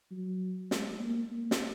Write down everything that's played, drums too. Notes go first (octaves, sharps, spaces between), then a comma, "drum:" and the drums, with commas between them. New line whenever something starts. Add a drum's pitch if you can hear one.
F#3
G#3, drum: snare
A#3
A#3
drum: snare